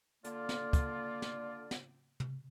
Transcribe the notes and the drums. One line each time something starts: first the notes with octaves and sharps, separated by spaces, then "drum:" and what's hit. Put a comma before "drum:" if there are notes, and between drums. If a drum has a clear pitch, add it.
D3 A#3 F4 D5, drum: hi-hat
drum: snare
drum: kick, hi-hat
drum: snare
drum: snare
drum: tom